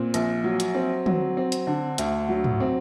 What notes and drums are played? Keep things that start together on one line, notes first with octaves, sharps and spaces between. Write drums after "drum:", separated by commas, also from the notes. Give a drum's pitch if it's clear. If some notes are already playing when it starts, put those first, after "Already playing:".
Already playing: A#2 C4
A#1, drum: hi-hat
F#3
drum: hi-hat
C4
F#3, drum: tom
C4
drum: hi-hat
D3
D2, drum: hi-hat
F#3
drum: tom
C4